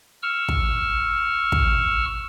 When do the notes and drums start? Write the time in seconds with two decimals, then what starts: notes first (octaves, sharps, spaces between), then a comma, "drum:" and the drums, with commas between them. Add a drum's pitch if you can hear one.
0.23 C#6 E6 F6
0.48 drum: kick
1.52 drum: kick